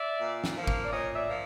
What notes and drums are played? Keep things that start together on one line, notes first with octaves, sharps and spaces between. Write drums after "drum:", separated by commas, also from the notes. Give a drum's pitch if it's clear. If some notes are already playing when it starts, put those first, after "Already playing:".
Already playing: D5 E5
A#2
drum: snare
F3 A#3
drum: kick
D5
A#2 C#5 D#5
D5 E5
F3 A#3